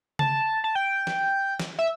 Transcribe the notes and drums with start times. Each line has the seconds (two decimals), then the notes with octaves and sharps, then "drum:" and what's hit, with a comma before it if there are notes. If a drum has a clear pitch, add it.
0.19 A5, drum: tom C#3
0.64 A5
0.75 G5
1.07 drum: snare
1.60 drum: snare
1.79 E5